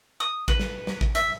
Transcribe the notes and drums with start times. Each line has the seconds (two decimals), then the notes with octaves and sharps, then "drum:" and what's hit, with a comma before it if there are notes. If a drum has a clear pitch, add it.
0.20 D#6
0.48 B4, drum: kick
0.60 drum: snare
0.87 drum: snare
1.01 drum: kick
1.15 E5, drum: hi-hat